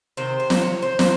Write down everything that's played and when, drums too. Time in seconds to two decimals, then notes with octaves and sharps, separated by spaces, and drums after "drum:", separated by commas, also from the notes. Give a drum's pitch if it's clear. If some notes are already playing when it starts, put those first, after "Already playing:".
0.17 C3 D#3 C5
0.40 C5
0.50 drum: snare
0.61 C#5
0.82 C5
0.99 drum: snare